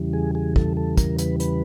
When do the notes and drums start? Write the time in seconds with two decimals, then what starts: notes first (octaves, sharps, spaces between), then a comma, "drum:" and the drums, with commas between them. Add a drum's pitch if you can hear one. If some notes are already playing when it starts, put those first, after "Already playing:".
Already playing: E2 C#3 E3 G3
0.13 G#4
0.35 G#4
0.56 A4, drum: kick
0.77 A4
0.97 A#4, drum: kick, hi-hat
1.18 B4, drum: hi-hat
1.40 B4, drum: hi-hat